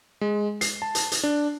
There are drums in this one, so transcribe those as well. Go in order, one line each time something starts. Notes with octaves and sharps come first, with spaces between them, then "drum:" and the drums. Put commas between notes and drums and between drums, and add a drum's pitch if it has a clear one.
G#3
C7, drum: hi-hat
A5
drum: hi-hat
drum: hi-hat
D4